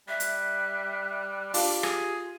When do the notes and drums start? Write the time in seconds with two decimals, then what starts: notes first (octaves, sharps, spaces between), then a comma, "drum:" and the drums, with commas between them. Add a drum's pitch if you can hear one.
0.08 G3 E5 F#6
0.20 drum: hi-hat
1.54 D4 F4 G4, drum: open hi-hat
1.83 G#4, drum: rim click